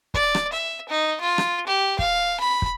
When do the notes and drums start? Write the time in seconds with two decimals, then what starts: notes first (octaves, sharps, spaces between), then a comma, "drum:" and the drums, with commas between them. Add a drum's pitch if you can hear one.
0.14 D5, drum: kick
0.35 drum: rim click
0.52 E5
0.89 D#4
1.21 F4
1.38 drum: rim click
1.67 G4
1.99 F5, drum: kick
2.40 B5
2.62 drum: kick